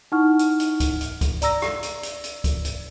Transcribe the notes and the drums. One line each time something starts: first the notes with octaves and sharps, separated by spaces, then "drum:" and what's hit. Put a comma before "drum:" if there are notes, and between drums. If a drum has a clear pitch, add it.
D#4 E4 F#5 C#6 F6
drum: hi-hat
drum: hi-hat
drum: kick C#2, hi-hat
drum: hi-hat
drum: kick C#2, hi-hat
D5 A#5 E6 A#6, drum: hi-hat
drum: rim click
drum: hi-hat
drum: hi-hat
drum: hi-hat
drum: kick C#2, hi-hat
drum: hi-hat